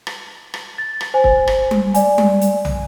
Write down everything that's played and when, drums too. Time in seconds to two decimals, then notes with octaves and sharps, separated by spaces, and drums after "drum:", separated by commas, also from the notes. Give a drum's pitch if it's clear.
0.07 drum: rim click
0.54 drum: rim click
0.78 A6
1.01 drum: rim click
1.14 C5 G#5
1.24 drum: kick
1.47 drum: rim click
1.71 drum: tom G3
1.94 D5 G#5, drum: hi-hat
2.18 drum: tom G3
2.41 drum: hi-hat
2.65 drum: tom